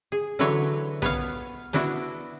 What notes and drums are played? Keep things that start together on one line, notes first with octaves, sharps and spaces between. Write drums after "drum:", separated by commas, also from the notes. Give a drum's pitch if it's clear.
G#4
D3 E3 F#3 F#4 B4 C#5
B3 C#5 F5, drum: tom B1
B3 D4 E4 F#4, drum: snare